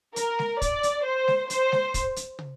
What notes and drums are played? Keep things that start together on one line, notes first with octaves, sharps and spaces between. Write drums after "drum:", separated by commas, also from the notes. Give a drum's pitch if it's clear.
A#4, drum: hi-hat
drum: snare G#3
D5, drum: kick, hi-hat
drum: hi-hat
C5
drum: snare G#3
C5, drum: hi-hat
drum: snare G#3
drum: kick, hi-hat
drum: hi-hat
drum: tom